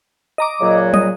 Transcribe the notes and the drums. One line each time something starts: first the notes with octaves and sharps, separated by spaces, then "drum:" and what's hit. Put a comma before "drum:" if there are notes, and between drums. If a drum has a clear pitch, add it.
D#5 A#5 D6
A#2 C#3 F#3
D#5, drum: tom F#3